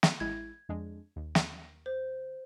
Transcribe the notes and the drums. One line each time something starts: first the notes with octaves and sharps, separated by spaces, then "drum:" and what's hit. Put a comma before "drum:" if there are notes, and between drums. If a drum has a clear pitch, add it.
drum: snare
A1 G#3 E4 G#6
F2 G#3 D4
D#2
drum: snare
C5